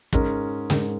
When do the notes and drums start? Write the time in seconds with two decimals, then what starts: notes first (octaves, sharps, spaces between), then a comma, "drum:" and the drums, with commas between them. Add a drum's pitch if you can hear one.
0.13 G#2 G#3 C#4 A#4, drum: kick
0.70 G#2 G#3 C#4 A#4, drum: snare